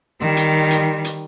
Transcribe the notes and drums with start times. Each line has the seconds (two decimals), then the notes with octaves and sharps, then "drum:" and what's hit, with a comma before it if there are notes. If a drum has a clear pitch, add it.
0.20 D#3 G3
0.37 drum: hi-hat
0.71 drum: hi-hat
1.05 drum: hi-hat